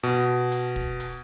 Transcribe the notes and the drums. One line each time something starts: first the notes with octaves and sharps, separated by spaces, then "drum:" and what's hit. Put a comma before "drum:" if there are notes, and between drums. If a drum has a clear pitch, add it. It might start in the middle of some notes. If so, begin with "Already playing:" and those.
B2, drum: hi-hat
drum: hi-hat
drum: kick
drum: hi-hat